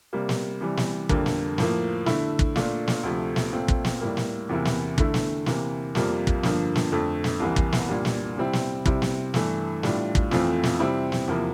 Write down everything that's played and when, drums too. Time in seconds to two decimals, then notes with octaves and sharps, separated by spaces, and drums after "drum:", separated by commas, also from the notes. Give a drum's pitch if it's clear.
0.13 C3 G3 A#3
0.29 drum: snare
0.61 C3 E3 G3
0.77 drum: snare
1.09 F2 D3 G3 A#3, drum: kick
1.26 drum: snare
1.58 A2 F3 A#3, drum: snare
2.06 D3 A3 E4, drum: snare
2.39 drum: kick
2.56 A#2 A3 D4 F4, drum: snare
2.88 drum: snare
3.04 D2 C3 F3 A3
3.36 drum: snare
3.52 A#2 A3 C4 F4
3.68 drum: kick
3.85 drum: snare
4.01 A2 G3 A#3
4.17 drum: snare
4.49 E2 C3 E3 A#3 E4
4.65 drum: snare
4.98 D3 A3 E4, drum: kick
5.14 drum: snare
5.46 C3 E3 A#3, drum: snare
5.95 F2 C3 G3 A#3 F4, drum: snare
6.27 drum: kick
6.43 G2 D3 F3 A#3, drum: snare
6.75 drum: snare
6.92 F2 D3 A3
7.24 drum: snare
7.40 C2 C3 E3 A#3
7.56 drum: kick
7.72 drum: snare
7.88 A#2 G3 A#3 D4
8.05 drum: snare
8.37 C3 G3 C4 E4
8.53 drum: snare
8.86 C3 G3 C4 E4, drum: kick
9.02 drum: snare
9.34 G2 E3 A3, drum: snare
9.83 A2 G3 D4 F4, drum: snare
10.15 drum: kick
10.31 F2 E3 A3 C4 F4, drum: snare
10.63 drum: snare
10.80 C3 G3 C4 E4
11.12 drum: snare
11.28 E2 C3 F3 A#3 E4